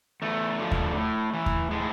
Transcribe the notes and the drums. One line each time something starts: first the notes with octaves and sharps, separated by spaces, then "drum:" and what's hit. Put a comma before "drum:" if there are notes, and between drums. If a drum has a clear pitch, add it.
E2 A3
D3 F3
drum: kick D#2
A2
E3
drum: kick D#2
A2 G#3